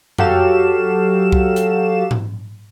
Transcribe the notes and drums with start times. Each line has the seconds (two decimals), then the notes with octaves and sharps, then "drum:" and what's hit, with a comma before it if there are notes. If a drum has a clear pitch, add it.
0.18 F#3 F#4 G4 A4 F5 E7, drum: tom F2
1.32 drum: kick C2
1.56 drum: hi-hat
2.11 drum: tom G#2